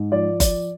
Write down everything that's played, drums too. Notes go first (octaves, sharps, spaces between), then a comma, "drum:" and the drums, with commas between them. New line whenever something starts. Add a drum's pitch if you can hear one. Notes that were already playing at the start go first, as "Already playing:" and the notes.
Already playing: G#2
F3 D5
F3 D5, drum: kick F#1, hi-hat